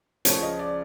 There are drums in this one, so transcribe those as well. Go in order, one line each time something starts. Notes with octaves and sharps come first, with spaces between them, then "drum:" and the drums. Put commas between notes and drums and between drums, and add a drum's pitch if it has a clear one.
C#2 C#3 F3 C#5, drum: hi-hat
D#5
D5